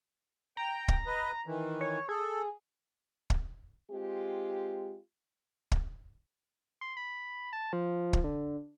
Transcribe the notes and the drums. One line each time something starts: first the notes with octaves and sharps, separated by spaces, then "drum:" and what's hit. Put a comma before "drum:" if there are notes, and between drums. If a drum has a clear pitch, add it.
G5 A#5
drum: kick
B4 D#5
D#3 E3
C#5
G#4 A4
drum: kick
G#3 C4 F4 G4
drum: kick
C6
B5
A5
F3
drum: kick
D3